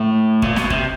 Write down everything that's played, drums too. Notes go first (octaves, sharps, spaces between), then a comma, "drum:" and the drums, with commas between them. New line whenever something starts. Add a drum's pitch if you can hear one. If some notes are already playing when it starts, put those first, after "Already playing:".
Already playing: A2
A#2, drum: kick
B2, drum: snare
C3, drum: kick